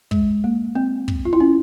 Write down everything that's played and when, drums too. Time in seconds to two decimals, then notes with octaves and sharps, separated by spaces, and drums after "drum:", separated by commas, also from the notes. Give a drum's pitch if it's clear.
0.11 G#3, drum: kick
0.44 A#3
0.75 C4
1.08 drum: kick
1.25 F4
1.33 E4
1.40 C#4